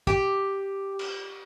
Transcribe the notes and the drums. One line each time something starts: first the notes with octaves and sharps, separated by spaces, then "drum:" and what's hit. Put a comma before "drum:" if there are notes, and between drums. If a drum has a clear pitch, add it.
G4, drum: kick
drum: cymbal